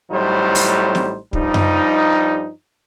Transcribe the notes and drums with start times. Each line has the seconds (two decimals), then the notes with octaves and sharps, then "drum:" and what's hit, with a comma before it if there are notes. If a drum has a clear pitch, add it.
0.11 A1 A2 F#3 G3 D#4 C5
0.55 drum: open hi-hat
0.95 drum: snare
1.33 G2 F3 G3 D#4, drum: kick
1.54 drum: tom F#2